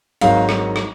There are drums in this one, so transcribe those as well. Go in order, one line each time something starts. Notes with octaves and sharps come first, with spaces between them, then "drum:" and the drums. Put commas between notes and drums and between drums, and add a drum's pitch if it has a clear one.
G#1 G#2 D#3 F#3 F5, drum: cymbal
drum: rim click
drum: rim click